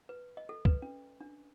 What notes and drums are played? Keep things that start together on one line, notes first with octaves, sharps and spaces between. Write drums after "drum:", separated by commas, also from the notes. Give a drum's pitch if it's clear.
B4
D#5
A4
B4, drum: kick C#2
C#4
D4